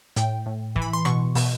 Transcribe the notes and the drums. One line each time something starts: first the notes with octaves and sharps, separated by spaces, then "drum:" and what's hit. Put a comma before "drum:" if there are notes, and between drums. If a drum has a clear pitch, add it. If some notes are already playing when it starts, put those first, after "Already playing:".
A2 G5, drum: hi-hat
A2
E3, drum: kick
B5
C6
B2 C#6, drum: rim click
B2, drum: open hi-hat